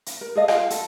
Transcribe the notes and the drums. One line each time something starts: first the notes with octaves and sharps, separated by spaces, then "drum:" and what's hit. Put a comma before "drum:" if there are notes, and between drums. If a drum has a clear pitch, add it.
drum: hi-hat
A#4
G#4 A4 D#5 F5
F4 F5 F#5, drum: rim click
A4, drum: hi-hat